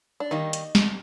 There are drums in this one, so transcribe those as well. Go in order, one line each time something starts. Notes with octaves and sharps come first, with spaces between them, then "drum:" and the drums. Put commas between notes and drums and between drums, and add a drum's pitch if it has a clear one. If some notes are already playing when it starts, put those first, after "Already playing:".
D4
D#3 G3 A#3 D#4
drum: hi-hat
drum: snare